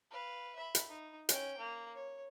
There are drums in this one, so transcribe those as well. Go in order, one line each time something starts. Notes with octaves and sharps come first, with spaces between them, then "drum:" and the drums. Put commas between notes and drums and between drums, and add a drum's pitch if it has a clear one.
B4 F5
E5 B5
drum: hi-hat
D#4
C#4 G5, drum: hi-hat
A#3
C#5